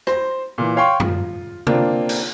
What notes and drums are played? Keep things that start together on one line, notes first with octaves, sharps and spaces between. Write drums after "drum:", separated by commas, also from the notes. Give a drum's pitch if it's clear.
C5 C6, drum: rim click
A#2 E3
C#5 F5 G5 C6 C#6
F4, drum: tom F#2
A#3 C4 D4 F4, drum: tom
drum: cymbal